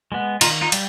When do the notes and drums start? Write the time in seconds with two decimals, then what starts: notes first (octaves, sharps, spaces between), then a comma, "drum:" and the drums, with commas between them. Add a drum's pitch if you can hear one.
0.12 G#3 B3
0.41 D#3 D#4 F4, drum: cymbal
0.61 D#4 F4
0.72 G3, drum: cymbal